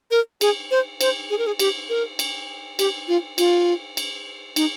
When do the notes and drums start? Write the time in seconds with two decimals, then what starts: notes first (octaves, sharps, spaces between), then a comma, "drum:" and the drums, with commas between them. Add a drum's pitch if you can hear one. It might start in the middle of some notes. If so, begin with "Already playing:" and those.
0.11 A#4
0.41 G#4, drum: cymbal
0.71 C5
1.01 C5, drum: cymbal
1.30 G#4
1.38 A#4
1.47 G#4
1.59 G4, drum: cymbal
1.89 A#4
2.19 drum: cymbal
2.79 G4, drum: cymbal
3.08 F4
3.38 F4, drum: cymbal
3.97 drum: cymbal
4.56 D#4, drum: cymbal